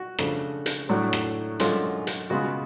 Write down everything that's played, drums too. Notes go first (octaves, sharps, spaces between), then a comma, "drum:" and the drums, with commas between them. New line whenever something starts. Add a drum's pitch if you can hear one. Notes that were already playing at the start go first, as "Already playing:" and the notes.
Already playing: F#4
C#3 F3 A3 D4, drum: rim click
drum: hi-hat
A2 F#3 A3 D4
drum: rim click
F#2 D3 G#3 C#4 F4, drum: hi-hat
drum: hi-hat
C#3 G#3 B3 F4 F#4